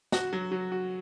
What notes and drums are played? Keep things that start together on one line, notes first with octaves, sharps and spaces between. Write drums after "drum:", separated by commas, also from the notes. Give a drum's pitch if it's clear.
F#4, drum: snare
F#3
F#3
F#4